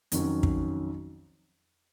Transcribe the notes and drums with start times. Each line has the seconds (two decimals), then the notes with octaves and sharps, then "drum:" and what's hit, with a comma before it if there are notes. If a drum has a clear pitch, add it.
0.12 F2 D#3 F#3 C#4, drum: hi-hat
0.43 drum: kick